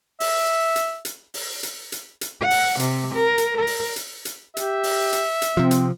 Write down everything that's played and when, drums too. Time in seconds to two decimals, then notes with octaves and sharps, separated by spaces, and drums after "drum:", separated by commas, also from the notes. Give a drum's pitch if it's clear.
0.20 E5, drum: open hi-hat
0.76 drum: hi-hat
1.05 drum: hi-hat
1.34 drum: open hi-hat
1.63 drum: hi-hat
1.92 drum: hi-hat
2.21 drum: hi-hat
2.41 F#5
2.50 drum: open hi-hat
2.80 C3, drum: hi-hat
3.15 A#4
3.38 drum: hi-hat
3.58 A#4
3.67 drum: open hi-hat
3.96 drum: hi-hat
4.25 drum: hi-hat
4.57 G4 E5, drum: hi-hat
4.83 drum: open hi-hat
5.13 drum: hi-hat
5.42 drum: hi-hat
5.57 C3 F3 C4
5.71 drum: hi-hat